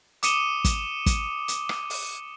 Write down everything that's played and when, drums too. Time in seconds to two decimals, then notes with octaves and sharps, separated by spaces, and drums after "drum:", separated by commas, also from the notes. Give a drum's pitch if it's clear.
0.23 D6 D#6 C#7 D#7 E7 G7, drum: hi-hat
0.64 drum: kick, hi-hat
1.06 drum: kick, hi-hat
1.48 drum: hi-hat
1.69 drum: rim click
1.90 drum: open hi-hat